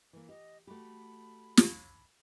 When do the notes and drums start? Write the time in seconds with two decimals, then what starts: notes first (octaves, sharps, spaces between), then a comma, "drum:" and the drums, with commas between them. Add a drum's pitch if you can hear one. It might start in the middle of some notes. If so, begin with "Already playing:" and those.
0.13 E3 A#3
0.29 G4 D#5
0.67 A3 F#4 G4 B5
1.57 drum: snare